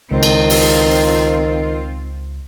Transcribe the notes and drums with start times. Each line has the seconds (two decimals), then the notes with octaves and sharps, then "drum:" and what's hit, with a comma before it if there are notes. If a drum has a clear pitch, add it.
0.11 C#2 D#3 C4 F4
0.23 drum: cymbal
0.50 drum: open hi-hat